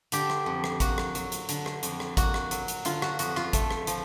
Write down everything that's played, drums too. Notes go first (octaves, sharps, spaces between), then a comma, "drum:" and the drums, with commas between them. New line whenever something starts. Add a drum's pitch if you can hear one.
D3 G4, drum: hi-hat
drum: rim click
F2
drum: rim click
A#3 F#4, drum: kick G#1, hi-hat
drum: rim click
F#3, drum: hi-hat
drum: hi-hat
D3, drum: hi-hat
drum: rim click
F2, drum: hi-hat
drum: rim click
A#3 F#4, drum: kick G#1, hi-hat
drum: rim click
F#3, drum: hi-hat
drum: hi-hat
D3 F4, drum: hi-hat
F#4, drum: rim click
F2 F#4, drum: hi-hat
F4, drum: rim click
A3, drum: kick G#1, hi-hat
drum: rim click
F3, drum: hi-hat